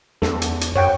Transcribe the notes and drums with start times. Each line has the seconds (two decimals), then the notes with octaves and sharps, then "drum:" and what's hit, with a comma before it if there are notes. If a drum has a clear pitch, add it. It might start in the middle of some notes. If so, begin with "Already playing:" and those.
0.22 E2 A4, drum: snare
0.42 drum: hi-hat
0.61 drum: hi-hat
0.76 F#2 C#5 F#5 G5